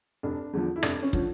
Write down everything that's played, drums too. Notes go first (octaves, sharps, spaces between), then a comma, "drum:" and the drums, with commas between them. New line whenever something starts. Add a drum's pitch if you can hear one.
F1 D4
E2 D3 F3
E4
F1 D4, drum: rim click
C#4
D3 F3, drum: kick